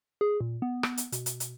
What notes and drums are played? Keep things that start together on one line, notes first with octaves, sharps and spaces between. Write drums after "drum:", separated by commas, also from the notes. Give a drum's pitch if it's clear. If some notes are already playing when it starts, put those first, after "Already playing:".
G#4
A#2
B3
drum: rim click
drum: hi-hat
B2, drum: hi-hat
drum: hi-hat
drum: hi-hat